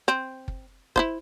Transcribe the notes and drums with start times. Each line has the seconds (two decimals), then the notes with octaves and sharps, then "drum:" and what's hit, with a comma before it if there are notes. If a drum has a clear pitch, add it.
0.08 C4
0.48 drum: kick
0.96 E4 F4 C5, drum: kick